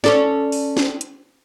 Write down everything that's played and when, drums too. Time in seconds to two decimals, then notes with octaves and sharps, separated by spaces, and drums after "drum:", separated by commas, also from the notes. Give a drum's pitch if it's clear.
0.04 C#4 A4 D5, drum: snare
0.52 drum: open hi-hat
0.77 drum: snare
1.01 drum: hi-hat